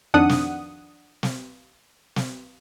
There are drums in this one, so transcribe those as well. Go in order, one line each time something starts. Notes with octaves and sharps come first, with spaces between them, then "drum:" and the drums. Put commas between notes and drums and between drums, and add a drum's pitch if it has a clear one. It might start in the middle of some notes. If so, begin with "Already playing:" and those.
F2 D#3 D4 F#5 D#6
drum: snare
drum: snare
drum: snare